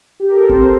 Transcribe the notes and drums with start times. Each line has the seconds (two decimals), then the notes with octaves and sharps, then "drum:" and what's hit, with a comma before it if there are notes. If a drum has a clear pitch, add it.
0.20 G4
0.30 A#4
0.35 A4
0.49 C4 C5, drum: kick G1